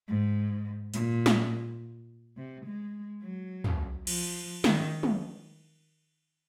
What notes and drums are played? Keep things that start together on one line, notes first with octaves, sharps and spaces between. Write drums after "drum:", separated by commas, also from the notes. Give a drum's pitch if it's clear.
G#2
A#2, drum: hi-hat
drum: snare
C3
G#3
F#3
drum: tom
F3, drum: cymbal
D#3, drum: snare
drum: tom